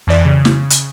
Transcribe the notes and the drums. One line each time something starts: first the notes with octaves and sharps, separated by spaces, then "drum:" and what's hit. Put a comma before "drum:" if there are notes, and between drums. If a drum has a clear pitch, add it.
F2 E3 D5
C#3
drum: snare
drum: hi-hat